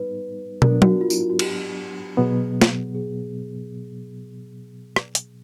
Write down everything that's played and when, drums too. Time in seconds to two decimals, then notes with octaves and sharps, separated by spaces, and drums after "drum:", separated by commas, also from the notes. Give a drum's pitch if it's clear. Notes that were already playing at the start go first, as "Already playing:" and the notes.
Already playing: G3 B3 D#4 B4
0.62 F#3 B3 D4 A#4, drum: tom
0.82 F#4, drum: tom F#3
1.01 F4
1.10 E4, drum: tambourine
1.21 F4
1.30 F#4
1.39 G4, drum: cymbal
2.17 B2 F#3 B3 G#4
2.61 drum: snare
2.95 G#4
4.96 drum: rim click
5.15 drum: hi-hat